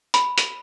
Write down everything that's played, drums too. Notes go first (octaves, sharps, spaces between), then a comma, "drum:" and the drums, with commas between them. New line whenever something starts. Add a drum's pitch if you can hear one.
B5, drum: hi-hat
drum: hi-hat